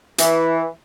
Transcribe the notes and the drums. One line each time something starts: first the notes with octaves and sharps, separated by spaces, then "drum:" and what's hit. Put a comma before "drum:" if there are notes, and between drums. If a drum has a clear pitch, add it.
E3, drum: hi-hat